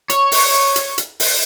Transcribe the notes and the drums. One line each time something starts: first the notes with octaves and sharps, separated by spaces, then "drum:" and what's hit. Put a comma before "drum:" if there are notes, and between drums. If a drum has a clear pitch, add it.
C#5, drum: hi-hat
drum: open hi-hat
drum: hi-hat
drum: hi-hat
drum: open hi-hat